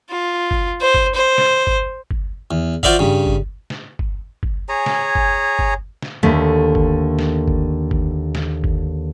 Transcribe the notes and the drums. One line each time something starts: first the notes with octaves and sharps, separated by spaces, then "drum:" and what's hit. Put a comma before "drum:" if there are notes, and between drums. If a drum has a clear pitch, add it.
F4
drum: kick G1
C5
drum: kick G1
C5
drum: snare
drum: kick G1
drum: kick G1
E2
F4 F#4 C5 D5 E5 F5, drum: kick G1
G2 C#3
drum: kick G1
drum: snare
drum: kick G1
drum: kick G1
G#4 C#5 G#5 A#5
drum: snare
drum: kick G1
drum: kick G1
drum: snare
D#2 D3 A3
drum: kick G1
drum: snare
drum: kick G1
drum: kick G1
drum: snare
drum: kick G1